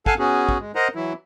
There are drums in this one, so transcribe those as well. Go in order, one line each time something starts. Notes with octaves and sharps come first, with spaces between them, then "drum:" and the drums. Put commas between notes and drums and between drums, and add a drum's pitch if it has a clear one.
A4 F5 F#5 G#5 A5, drum: kick
B3 C#4 F#4 G#4
drum: kick
G#3
A#4 C5 D#5 F#5 A#5
E3 F#3 E4